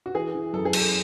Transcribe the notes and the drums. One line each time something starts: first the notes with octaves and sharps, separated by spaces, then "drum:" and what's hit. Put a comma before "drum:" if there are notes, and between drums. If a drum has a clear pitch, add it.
F#4
E3 G#4
E3
F#2 A4
G#4
F#2 A4, drum: cymbal